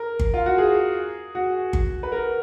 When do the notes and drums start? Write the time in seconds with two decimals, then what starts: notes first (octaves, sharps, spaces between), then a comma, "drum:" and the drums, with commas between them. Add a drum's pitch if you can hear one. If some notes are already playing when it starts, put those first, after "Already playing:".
Already playing: A#4
0.20 drum: kick G1
0.34 F4
0.46 F#4
0.58 G#4
1.35 F#4
1.73 drum: kick G1
2.03 B4
2.12 A#4